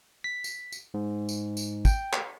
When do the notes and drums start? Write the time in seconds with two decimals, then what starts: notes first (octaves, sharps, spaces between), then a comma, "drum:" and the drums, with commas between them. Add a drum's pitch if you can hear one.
0.24 B6
0.44 drum: tambourine
0.72 drum: tambourine
0.94 G#2
1.29 drum: tambourine
1.57 drum: tambourine
1.85 G5, drum: kick, tambourine
2.13 drum: clap